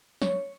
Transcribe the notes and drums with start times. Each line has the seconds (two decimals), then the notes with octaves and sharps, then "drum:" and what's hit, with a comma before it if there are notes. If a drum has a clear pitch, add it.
0.22 C#5, drum: snare